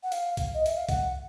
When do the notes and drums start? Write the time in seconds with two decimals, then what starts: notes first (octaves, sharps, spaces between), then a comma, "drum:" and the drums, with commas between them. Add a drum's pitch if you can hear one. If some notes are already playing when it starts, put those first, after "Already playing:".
0.03 F#5
0.12 F5, drum: hi-hat
0.37 drum: kick C2, hi-hat
0.55 D#5
0.66 E5, drum: hi-hat
0.77 F5
0.89 F#5, drum: kick C2, hi-hat